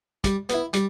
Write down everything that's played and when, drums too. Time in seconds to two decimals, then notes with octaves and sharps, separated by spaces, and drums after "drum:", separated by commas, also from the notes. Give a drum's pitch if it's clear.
0.24 G3, drum: kick, hi-hat
0.49 B3 E4, drum: hi-hat
0.73 G3, drum: hi-hat